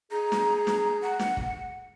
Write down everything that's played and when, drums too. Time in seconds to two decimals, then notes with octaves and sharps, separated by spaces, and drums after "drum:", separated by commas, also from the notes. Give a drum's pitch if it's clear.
0.12 G#4 A#5
0.32 drum: snare
0.67 drum: snare
1.02 F#5
1.19 drum: snare
1.37 drum: kick